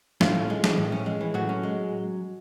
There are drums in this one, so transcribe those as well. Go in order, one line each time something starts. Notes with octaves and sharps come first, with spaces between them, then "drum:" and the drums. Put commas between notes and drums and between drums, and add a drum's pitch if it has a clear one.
A2 F3 F4, drum: snare
C#4
G#3
E3, drum: snare
A2
C#4
G#3
E3
A2 F#3 F#4
C#4
G#3